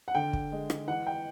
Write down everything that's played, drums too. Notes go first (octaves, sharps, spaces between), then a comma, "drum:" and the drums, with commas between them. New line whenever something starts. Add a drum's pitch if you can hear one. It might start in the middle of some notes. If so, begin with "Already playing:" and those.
F#5
D3 G5
drum: kick
G#3
drum: rim click
E3 F#5
G5